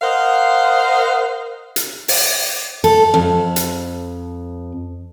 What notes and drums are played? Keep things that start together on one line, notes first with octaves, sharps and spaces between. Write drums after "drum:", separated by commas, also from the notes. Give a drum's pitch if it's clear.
A#4 C5 D#5 F5 F#5
drum: hi-hat
drum: open hi-hat
A4, drum: cymbal
F2
drum: hi-hat